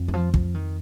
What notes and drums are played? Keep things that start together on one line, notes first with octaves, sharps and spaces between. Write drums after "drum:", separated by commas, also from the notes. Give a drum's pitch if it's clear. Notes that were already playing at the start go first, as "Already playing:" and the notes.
Already playing: F2
D#3
F3
F3, drum: kick
D#3